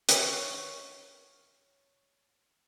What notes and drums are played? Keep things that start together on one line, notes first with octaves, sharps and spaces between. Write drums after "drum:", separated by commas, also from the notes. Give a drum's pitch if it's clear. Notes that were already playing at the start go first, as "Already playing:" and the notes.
C#5 F5, drum: hi-hat